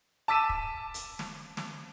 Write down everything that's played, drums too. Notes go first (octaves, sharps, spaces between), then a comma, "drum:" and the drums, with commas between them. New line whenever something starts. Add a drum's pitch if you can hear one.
A5 D6 E6 B6 D#7 E7
drum: kick
drum: hi-hat
drum: snare
drum: snare